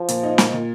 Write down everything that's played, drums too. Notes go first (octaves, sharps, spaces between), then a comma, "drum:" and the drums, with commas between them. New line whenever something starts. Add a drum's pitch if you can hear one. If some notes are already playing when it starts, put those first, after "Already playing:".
Already playing: F3
A#2, drum: hi-hat
D#4
A#2, drum: snare
A#2